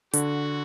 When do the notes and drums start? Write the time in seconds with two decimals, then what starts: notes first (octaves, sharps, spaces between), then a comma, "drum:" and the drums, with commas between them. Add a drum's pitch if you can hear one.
0.13 D3 F#4, drum: hi-hat